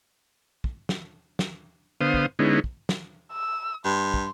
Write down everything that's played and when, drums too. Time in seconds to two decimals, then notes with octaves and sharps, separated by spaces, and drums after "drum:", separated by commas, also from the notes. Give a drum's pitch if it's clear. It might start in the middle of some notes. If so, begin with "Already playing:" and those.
0.64 drum: kick
0.89 drum: snare
1.39 drum: snare
2.01 D3 B3 C5 F5 D#6
2.14 drum: kick
2.39 D3 G#3 B3 C#4 D#4 E4
2.64 drum: kick
2.89 drum: snare
3.32 E6
3.85 G2 C6
4.14 drum: kick